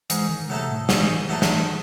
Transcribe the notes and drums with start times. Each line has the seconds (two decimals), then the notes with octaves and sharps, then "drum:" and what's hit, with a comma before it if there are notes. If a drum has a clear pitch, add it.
0.10 G#2 E3, drum: hi-hat
0.29 D#3
0.49 C3 F#3 A3 D#4 A4
0.70 A2
0.89 G#2 D#3, drum: snare
0.97 E3
1.04 D#3
1.12 E3
1.20 D#3
1.29 E3 F#3 A3 D#4 A4
1.42 drum: snare